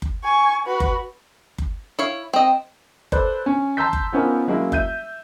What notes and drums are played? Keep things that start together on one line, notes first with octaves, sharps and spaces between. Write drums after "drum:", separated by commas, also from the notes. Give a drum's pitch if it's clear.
drum: kick F#1
G#5 C#6
F#4 B4
drum: kick F#1
drum: kick F#1
E4 C#5 F5
C4 D#5
A4 B4 C5 D5, drum: kick F#1
C#4
A5 A#5 C6 E6 G6 B6
drum: kick F#1
F3 B3 C#4 D#4 F4 A#4
F#3 G#3 A#3 C#4 E4
E5 G6 D#7, drum: kick F#1